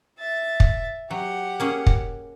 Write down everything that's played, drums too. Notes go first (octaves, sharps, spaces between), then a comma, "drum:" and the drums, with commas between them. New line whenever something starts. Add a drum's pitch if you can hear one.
E5 A6
drum: kick
F#3 G4 F#5
A#3 C#4 G#4
drum: kick